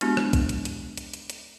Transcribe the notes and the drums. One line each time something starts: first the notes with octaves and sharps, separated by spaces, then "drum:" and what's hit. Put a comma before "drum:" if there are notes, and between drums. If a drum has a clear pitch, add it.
G#3 B3 D4 E4 F#4 G4, drum: hi-hat
drum: rim click
drum: kick, hi-hat
drum: hi-hat
drum: hi-hat
drum: hi-hat
drum: hi-hat
drum: hi-hat